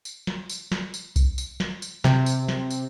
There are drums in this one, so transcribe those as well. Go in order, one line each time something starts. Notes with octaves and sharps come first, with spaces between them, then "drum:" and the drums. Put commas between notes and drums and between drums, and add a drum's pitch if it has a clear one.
drum: tambourine
drum: snare
drum: tambourine
drum: snare
drum: tambourine
drum: kick B1, tambourine
drum: tambourine
drum: snare
drum: tambourine
C3, drum: snare
drum: tambourine
drum: snare
drum: tambourine